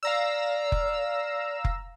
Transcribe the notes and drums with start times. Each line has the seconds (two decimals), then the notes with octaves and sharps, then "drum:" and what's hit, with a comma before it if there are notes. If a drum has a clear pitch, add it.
0.03 D5 F5 A#5 E6
0.72 drum: kick F1
1.65 drum: kick F1